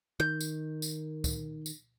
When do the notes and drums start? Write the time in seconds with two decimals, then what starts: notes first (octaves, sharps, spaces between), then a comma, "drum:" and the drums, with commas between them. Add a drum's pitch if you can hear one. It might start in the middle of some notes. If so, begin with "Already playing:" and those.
0.20 D#3 G6
0.41 drum: tambourine
0.82 drum: tambourine
1.24 drum: kick C#2, tambourine
1.66 drum: tambourine